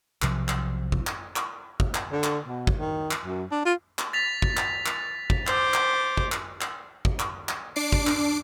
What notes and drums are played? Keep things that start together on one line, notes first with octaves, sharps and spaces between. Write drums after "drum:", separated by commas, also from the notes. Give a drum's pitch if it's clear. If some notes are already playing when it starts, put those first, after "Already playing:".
B1 C3 F3, drum: clap
drum: clap
drum: kick
drum: clap
drum: clap
drum: kick
drum: clap
D3
drum: clap
B2
drum: kick
D#3
drum: clap
F#2
D4
F4
drum: clap
A6 B6 F7
drum: kick
drum: clap
drum: clap
drum: kick
C5 D6, drum: clap
drum: clap
drum: kick
drum: clap
drum: clap
drum: kick
drum: clap
drum: clap
D4 D6 C7 D7
drum: kick
drum: clap